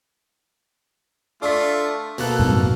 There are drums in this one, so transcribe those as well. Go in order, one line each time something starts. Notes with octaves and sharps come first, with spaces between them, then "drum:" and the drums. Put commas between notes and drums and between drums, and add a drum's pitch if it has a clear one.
A3 D4 F4 B6
B2 A#3 A4 F#6, drum: open hi-hat
drum: tom A2